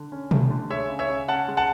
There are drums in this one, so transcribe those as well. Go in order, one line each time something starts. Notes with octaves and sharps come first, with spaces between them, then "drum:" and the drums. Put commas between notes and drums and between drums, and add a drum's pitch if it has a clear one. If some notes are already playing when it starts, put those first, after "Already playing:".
Already playing: D3
C#4
A3, drum: tom B2
D3
G#3 C#5 E5
C#3
C#5 E5
C#3
C#4 F#5 A5
G#3
F#5 A5